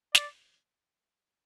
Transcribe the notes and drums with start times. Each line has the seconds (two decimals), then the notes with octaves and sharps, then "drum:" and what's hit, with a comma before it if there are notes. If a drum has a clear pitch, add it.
0.15 D5, drum: snare